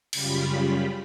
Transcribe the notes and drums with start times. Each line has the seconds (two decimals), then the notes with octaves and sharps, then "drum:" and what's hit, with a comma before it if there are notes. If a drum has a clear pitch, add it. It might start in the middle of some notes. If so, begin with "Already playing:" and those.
0.13 F#2 C#3 G3 F4 G4 B5, drum: cymbal